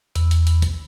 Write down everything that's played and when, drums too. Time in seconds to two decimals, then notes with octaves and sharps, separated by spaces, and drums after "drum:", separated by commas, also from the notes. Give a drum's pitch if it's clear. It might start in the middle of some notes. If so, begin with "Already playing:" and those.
0.16 E2, drum: hi-hat
0.31 drum: hi-hat
0.47 drum: hi-hat
0.62 drum: kick, hi-hat